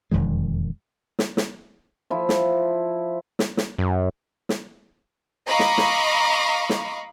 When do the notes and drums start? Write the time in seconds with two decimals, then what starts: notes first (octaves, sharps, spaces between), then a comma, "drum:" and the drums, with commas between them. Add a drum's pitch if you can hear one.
0.11 E1 F2 D#3 G#3
1.19 drum: snare
1.37 drum: snare
2.10 F3 E4
2.29 drum: snare
3.39 drum: snare
3.57 drum: snare
3.78 F#2
4.49 drum: snare
5.47 D#5 F5 A#5 B5 C#6 D6
5.59 drum: snare
5.78 drum: snare
6.69 drum: snare